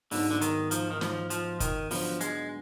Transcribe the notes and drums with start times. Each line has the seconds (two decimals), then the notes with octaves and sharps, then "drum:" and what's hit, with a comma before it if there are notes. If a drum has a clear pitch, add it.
0.11 G#2 D3 F#3 B3 D#4, drum: open hi-hat
0.31 D3
0.41 D#3, drum: hi-hat
0.71 F3, drum: hi-hat
0.90 D#3
1.01 F3, drum: snare
1.30 F3, drum: hi-hat
1.60 D#3, drum: kick, hi-hat
1.91 D3 F3 F#3 B3, drum: open hi-hat
2.21 G#3, drum: hi-hat